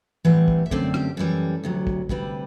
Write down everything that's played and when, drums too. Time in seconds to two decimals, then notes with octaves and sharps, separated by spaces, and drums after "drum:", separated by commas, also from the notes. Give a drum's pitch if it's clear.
0.25 A2 E3 G3 C4 F#5
0.48 drum: kick
0.66 E5
0.71 F#2 D3 A3 C4 D5, drum: kick
0.94 G4, drum: rim click
1.17 F#2 E3 G3 A4
1.64 D2 C3 F#3
1.87 drum: kick
2.09 D2 C3 G3 C4 B4, drum: kick